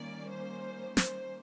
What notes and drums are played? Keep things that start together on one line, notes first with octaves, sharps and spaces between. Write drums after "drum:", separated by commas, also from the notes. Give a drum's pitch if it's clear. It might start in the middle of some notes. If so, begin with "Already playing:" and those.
Already playing: D#3 G3 A#3 C#4 D5
C5
C5, drum: snare